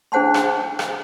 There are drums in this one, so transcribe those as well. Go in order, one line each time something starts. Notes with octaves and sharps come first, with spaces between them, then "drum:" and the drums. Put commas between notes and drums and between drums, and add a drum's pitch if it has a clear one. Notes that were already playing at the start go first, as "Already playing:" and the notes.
D4 G#4 C5 F#5 A5 C6
drum: rim click
drum: rim click